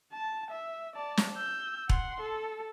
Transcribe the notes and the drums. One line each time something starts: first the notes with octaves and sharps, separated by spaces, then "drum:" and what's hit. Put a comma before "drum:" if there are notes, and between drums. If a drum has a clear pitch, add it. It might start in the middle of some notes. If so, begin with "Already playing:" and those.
A5
E5
D5 A5
drum: snare
E6 G6
F#5 C6, drum: kick E1
A4